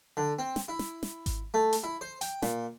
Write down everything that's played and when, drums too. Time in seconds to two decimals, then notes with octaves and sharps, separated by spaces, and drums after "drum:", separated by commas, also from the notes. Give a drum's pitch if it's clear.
0.17 D3
0.39 C4
0.56 drum: snare
0.68 E4
0.79 drum: snare
1.03 drum: snare
1.26 drum: kick G#1, hi-hat
1.54 A3
1.73 drum: hi-hat
1.84 E4
2.01 C5
2.21 G5, drum: hi-hat
2.42 A#2, drum: snare